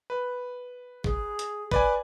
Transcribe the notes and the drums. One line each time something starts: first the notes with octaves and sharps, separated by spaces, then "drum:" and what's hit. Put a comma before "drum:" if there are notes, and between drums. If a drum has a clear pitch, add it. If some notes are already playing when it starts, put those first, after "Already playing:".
B4
G#4, drum: kick
drum: hi-hat
B4 D5 G#5, drum: kick